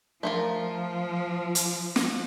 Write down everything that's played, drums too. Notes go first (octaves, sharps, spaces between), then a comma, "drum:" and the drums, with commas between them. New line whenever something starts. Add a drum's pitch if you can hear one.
F3 A3 F4 A#4
drum: hi-hat
drum: snare